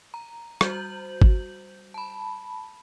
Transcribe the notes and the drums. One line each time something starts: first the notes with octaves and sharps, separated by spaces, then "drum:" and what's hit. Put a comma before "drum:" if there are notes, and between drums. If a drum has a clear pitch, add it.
A#5
G3 F#4 C5 G6 F#7, drum: rim click
drum: kick G#1
A5 B5